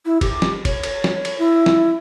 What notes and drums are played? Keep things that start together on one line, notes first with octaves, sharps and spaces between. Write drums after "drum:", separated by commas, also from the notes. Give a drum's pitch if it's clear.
E4
G4, drum: kick, cymbal
drum: snare
C#5, drum: kick, cymbal
drum: cymbal
drum: snare
drum: cymbal
E4
drum: snare